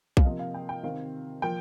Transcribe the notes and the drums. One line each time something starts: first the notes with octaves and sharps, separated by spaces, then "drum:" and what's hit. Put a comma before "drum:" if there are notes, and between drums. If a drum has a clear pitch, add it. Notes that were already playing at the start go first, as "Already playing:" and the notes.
F5, drum: kick B1
C3 F3 A#3 D#5
F5
G5
G5
C3 D#3 C4 F5
F3 A#3 G5